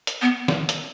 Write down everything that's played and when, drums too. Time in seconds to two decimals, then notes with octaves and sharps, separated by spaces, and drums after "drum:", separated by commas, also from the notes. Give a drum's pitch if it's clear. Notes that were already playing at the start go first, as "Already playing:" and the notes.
0.07 drum: hi-hat
0.22 B3
0.48 drum: snare
0.69 drum: hi-hat